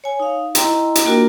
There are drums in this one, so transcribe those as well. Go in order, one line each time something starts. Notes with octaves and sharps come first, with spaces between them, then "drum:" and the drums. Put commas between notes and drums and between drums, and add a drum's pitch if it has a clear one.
C#5 G#5
D#4 F5
E4 D#5 G5 A#5 C6, drum: hi-hat
drum: hi-hat
A#3 D4 F4 F#4 A#4